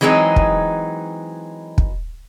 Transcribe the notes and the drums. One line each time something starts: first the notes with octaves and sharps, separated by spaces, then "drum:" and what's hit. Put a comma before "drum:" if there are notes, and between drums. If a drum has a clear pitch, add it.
E3 F#3 G#3 C4 D#4
drum: kick
drum: kick